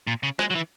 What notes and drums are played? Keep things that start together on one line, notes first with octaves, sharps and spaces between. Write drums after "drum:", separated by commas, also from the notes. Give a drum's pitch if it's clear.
A#2
C#3
G#3, drum: rim click
F#3
E3